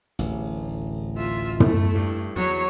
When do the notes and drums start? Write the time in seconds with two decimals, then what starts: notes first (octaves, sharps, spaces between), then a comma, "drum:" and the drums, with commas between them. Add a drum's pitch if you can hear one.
0.19 D1 A1
1.17 F4 E5
1.60 A3 E4, drum: tom
1.95 G2
2.36 E2 F#3 C#5